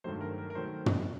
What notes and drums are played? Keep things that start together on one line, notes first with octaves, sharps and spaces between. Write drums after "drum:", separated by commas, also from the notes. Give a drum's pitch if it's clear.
G2 D#3 F#3 A3 C5
A#4
A#4
A#4
D#3 F#3 A3 C5
drum: tom